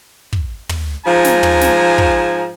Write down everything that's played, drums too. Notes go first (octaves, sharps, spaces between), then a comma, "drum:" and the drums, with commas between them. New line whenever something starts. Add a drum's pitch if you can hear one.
drum: kick
drum: tom
G#2 F3 G#5 A#5
drum: snare
drum: tom
drum: snare
drum: kick